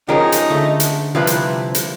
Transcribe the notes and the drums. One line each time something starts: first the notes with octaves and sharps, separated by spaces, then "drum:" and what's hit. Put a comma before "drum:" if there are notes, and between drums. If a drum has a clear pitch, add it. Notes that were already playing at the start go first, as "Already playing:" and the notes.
F3 G#3 C#4 D#4 G4 G#4 A#4 C#5
drum: hi-hat
D3 A3
drum: hi-hat
C3 F3 G3 E4 F4 B4
drum: hi-hat
drum: hi-hat